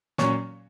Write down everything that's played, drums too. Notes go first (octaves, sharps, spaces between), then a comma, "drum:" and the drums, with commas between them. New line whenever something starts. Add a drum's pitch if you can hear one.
A#2 F#3 C#4 C#5 C#6, drum: snare